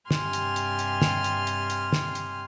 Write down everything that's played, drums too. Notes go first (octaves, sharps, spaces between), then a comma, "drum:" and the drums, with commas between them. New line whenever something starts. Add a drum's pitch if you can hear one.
G2 C3 G4 G#5 C6 F6, drum: snare
drum: hi-hat
drum: hi-hat
drum: hi-hat
drum: snare
drum: hi-hat
drum: hi-hat
drum: hi-hat
drum: snare
drum: hi-hat